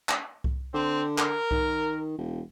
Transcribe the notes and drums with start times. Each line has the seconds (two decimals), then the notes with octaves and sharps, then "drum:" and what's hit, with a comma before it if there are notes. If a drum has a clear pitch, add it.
0.09 drum: clap
0.44 drum: kick C2
0.74 D3 C4
1.18 A#4, drum: clap
1.51 D#3, drum: kick C2
2.18 E1